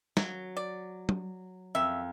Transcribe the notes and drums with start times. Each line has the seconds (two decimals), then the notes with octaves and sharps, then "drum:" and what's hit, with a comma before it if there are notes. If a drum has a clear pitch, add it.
0.17 F#3, drum: snare
0.57 D5
1.09 drum: tom
1.75 F2 E5